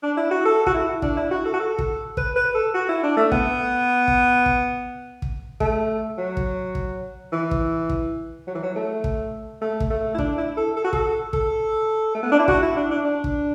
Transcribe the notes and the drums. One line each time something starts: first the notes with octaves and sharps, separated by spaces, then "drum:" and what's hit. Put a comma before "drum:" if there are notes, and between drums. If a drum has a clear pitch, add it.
D4
E4
F#4
A4
F#4, drum: kick
E4
D4, drum: kick
E4
F#4
A4
F#4
A4
drum: kick
B4, drum: kick
B4
A4
F#4
E4
D4
A3
B3, drum: kick
drum: kick
drum: kick
drum: kick
A3, drum: kick
F#3
drum: kick
drum: kick
E3
drum: kick
drum: kick
F#3
E3
F#3
A3
drum: kick
A3
drum: kick
A3
E4
D4, drum: kick
E4
A4
A4
F#4
A4, drum: kick
A4, drum: kick
A3
B3
D4
E4
F#4, drum: kick
E4
D4
D4
D4
drum: kick